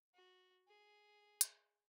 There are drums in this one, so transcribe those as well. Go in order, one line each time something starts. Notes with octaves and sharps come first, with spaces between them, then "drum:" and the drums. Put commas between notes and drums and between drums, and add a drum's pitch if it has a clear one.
F#4
G#4
drum: hi-hat